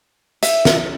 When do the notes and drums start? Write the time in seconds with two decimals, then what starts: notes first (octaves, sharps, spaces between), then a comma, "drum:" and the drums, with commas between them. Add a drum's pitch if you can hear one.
0.43 E5, drum: hi-hat
0.65 drum: snare